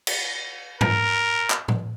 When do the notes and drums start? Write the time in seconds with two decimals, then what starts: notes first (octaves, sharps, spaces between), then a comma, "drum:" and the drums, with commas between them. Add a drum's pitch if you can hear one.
0.07 drum: cymbal
0.81 A#4, drum: tom G#2
1.50 drum: clap
1.68 drum: tom A2